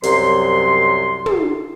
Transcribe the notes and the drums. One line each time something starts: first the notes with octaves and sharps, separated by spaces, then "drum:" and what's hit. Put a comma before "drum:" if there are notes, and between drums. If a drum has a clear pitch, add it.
C2 F#2 C3 F#3 C6, drum: hi-hat
drum: tom